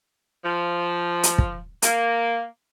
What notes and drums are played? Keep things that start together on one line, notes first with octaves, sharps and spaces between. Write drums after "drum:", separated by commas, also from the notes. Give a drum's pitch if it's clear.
F3
drum: hi-hat
drum: kick
A#3, drum: hi-hat